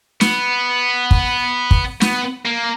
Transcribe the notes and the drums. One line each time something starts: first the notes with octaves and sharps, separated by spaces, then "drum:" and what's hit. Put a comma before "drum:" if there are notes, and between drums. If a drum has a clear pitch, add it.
B3, drum: snare
drum: kick
drum: kick
B3, drum: snare
A#3